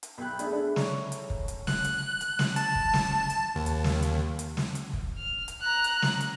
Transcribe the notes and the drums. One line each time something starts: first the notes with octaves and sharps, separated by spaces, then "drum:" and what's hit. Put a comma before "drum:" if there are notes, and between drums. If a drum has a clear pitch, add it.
drum: hi-hat
B1 G5 B5 F#6
A3 D4 E4 G#4 A4, drum: hi-hat
D4
C#5 A#5, drum: snare
drum: hi-hat
drum: kick
drum: hi-hat
F#6, drum: snare
drum: hi-hat
drum: hi-hat
drum: snare
A5, drum: hi-hat
drum: kick
drum: snare
drum: hi-hat
D#2
drum: hi-hat
drum: snare
drum: hi-hat
drum: hi-hat
drum: snare
drum: hi-hat
drum: kick
F6
drum: hi-hat
A#5 F#6
drum: hi-hat
drum: snare
drum: hi-hat